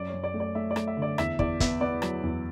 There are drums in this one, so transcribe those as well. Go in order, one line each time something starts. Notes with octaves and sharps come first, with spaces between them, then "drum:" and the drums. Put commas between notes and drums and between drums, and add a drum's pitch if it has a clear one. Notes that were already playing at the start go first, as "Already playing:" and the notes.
Already playing: F#2 D5
C#5
F#2
D5
A3
D5
A3 E5
D5
A3, drum: rim click
E5
D3
D5
E2 E5, drum: rim click
E2 D5, drum: kick
B3 E5, drum: kick, hi-hat
B3 D5
F#3, drum: rim click
E2